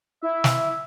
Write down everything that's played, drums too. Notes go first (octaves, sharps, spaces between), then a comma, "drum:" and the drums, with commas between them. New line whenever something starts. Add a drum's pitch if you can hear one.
E4 E5
drum: snare